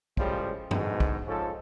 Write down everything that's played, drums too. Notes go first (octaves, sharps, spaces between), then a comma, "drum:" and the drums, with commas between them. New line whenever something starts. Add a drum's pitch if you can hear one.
A2 C#3 F3 G3 G#3, drum: kick
D2 G#2 B2, drum: tom F#2
drum: kick
G#2 F3 C#4 A4